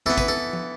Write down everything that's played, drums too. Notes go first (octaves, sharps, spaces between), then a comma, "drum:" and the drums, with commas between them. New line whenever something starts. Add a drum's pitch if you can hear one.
E3 B3 A4
B4, drum: kick
A4
drum: tom F3